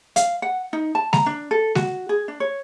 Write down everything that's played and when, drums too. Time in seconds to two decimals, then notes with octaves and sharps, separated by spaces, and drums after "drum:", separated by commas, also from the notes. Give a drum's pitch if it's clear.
0.16 F5, drum: hi-hat
0.42 F#5
0.73 D#4
0.95 A5
1.13 A#5, drum: snare G#3
1.26 D4
1.51 A4
1.75 F#4, drum: snare G#3
2.09 G#4
2.28 D4
2.40 C#5